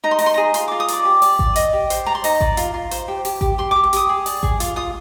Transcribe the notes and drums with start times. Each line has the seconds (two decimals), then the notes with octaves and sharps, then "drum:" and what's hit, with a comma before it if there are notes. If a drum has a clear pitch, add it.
0.04 D#4 A#5
0.11 C6
0.19 D#4 A#5, drum: open hi-hat
0.26 C6
0.34 G#4 A#5
0.54 F4 C6, drum: hi-hat
0.68 F4 D6
0.80 D#6
0.88 D5 D6, drum: hi-hat
1.05 G4
1.22 D5, drum: open hi-hat
1.39 D5, drum: kick A1
1.56 D#5, drum: hi-hat
1.73 G4
1.90 C5, drum: hi-hat
2.06 D5 A#5
2.15 C6
2.24 D#4 A#5, drum: open hi-hat
2.41 D5, drum: kick A1
2.57 F4, drum: hi-hat
2.74 F4
2.91 C5, drum: hi-hat
3.08 G4
3.25 G4, drum: open hi-hat
3.41 G4, drum: kick A1
3.58 G4 C6
3.71 D6
3.76 G4
3.84 D6
3.93 G4 D#6, drum: hi-hat
4.09 G#4
4.26 D5, drum: open hi-hat
4.43 G#4, drum: kick A1
4.60 F4 D6, drum: hi-hat
4.76 F4 D#6